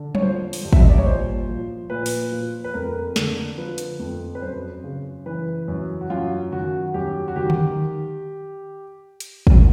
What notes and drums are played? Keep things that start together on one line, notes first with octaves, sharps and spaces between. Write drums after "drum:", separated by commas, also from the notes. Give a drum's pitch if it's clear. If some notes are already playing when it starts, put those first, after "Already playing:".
Already playing: D3
C#5, drum: tom F#3
F3 C5
drum: open hi-hat
G2
E5, drum: kick
D#5
D5
C#5
A#2 C5
F3
A#2 B4
drum: open hi-hat
F3
B4
F2 A#4
D3, drum: snare
F3 B4
drum: hi-hat
F2
B4
F#2 C5
C#3
E3 B4
F#2
F#4
F#2 F4
D#3 F#4
F#2 G4
F#4
D#3 G4
drum: tom D3
drum: hi-hat
drum: kick